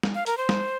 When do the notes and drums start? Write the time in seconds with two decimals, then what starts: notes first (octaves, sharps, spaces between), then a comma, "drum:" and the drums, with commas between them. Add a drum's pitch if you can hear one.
0.03 drum: snare
0.15 F5
0.26 A#4, drum: hi-hat
0.38 C5
0.49 drum: snare